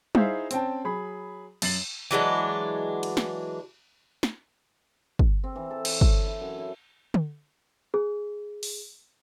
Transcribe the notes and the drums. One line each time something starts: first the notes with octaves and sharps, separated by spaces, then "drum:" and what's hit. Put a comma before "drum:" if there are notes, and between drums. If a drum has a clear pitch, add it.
D#4 E4 G#4 C5 E5 F5, drum: tom G3
C4 C#4 G5 A5, drum: hi-hat
F#3 G#4 B5
F#2 A6 C7 F#7, drum: cymbal
E3 F#3 G#3 D4
drum: cymbal
drum: snare
drum: snare
drum: kick
C4
E3
A4
C#5, drum: cymbal
C6, drum: kick
E4
F#2
E4
drum: tom D3
G#4
drum: open hi-hat